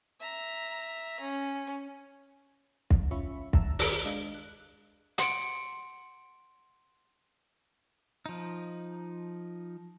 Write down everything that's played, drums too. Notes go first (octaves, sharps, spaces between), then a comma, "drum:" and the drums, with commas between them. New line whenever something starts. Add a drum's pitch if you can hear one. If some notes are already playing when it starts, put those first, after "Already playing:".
E5 A#5
C#4
drum: kick
C#4 F4 E5 B5 C#6
E5 F#5 A5 A#5 E6, drum: kick
D#3, drum: open hi-hat
G#3 D4 D#5 F5
F#6
F#5 C6 C#7 D7, drum: hi-hat
F3 D#4